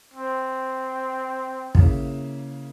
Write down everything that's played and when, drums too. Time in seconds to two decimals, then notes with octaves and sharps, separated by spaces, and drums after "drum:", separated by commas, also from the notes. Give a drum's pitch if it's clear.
0.14 C4
1.75 C#3 A#3 E4, drum: kick